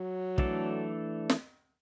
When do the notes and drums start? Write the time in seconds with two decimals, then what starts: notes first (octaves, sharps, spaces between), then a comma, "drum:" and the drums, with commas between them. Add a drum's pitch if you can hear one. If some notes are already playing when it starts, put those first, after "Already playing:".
Already playing: F#3
0.38 E3 A3 D4 A4 D5, drum: kick
1.30 drum: snare